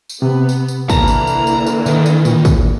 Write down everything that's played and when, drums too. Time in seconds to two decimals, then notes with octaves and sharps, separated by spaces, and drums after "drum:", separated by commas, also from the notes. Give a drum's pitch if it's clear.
0.10 drum: tambourine
0.22 C3 B3
0.49 drum: tambourine
0.68 drum: tambourine
0.90 D3 E3 A#3 A5 A#5, drum: kick, tambourine
1.08 drum: tambourine
1.27 drum: tambourine
1.47 drum: tambourine
1.66 drum: tambourine
1.86 D#3, drum: tambourine
2.06 drum: tambourine
2.25 A#2, drum: tambourine
2.45 drum: kick, tambourine